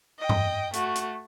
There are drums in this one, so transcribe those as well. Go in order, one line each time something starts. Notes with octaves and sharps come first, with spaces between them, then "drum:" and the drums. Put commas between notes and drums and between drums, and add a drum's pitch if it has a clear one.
D#5 G5
drum: tom G2
A3 F#4, drum: hi-hat
drum: hi-hat